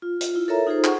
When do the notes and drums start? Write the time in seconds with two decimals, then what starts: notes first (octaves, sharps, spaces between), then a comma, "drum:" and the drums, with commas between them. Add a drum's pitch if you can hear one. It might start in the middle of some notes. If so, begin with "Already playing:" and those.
0.02 F4
0.21 drum: hi-hat
0.34 E4 F4
0.48 A4 A#4 C#5 E5 A#5
0.67 D#4 F4 G#4 A4 C5
0.84 G#4 F#5 C#6, drum: clap